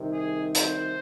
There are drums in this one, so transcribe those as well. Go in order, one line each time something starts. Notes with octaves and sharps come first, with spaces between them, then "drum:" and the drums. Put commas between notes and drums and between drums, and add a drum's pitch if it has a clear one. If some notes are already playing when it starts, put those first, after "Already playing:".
Already playing: C2 C3 D#3
G#4
C5, drum: hi-hat